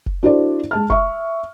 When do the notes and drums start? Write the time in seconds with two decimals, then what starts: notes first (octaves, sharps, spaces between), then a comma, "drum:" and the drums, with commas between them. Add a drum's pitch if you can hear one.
0.06 drum: kick F1
0.23 D4 E4 F#4 A4 C5 D5
0.71 G#3 A5 F6
0.90 E5 C#6, drum: kick F1